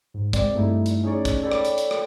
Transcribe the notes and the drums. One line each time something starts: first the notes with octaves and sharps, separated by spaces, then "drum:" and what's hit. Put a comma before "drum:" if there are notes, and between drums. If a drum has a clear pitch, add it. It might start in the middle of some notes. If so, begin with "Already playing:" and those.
G#2
G#3 C4 D5, drum: kick, hi-hat
G2 A3 D#4 E4
drum: hi-hat
C#4 D#4 G#4 C#5 D5
drum: kick, hi-hat
A4 C#5 D5 G5 B5
drum: rim click
drum: hi-hat
drum: hi-hat
drum: rim click